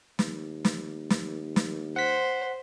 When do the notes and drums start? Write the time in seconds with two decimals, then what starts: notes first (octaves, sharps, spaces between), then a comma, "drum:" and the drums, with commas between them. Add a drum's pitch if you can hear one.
0.19 D#2, drum: snare
0.65 drum: snare
1.10 drum: snare
1.56 drum: snare
1.96 C5 F#5 B6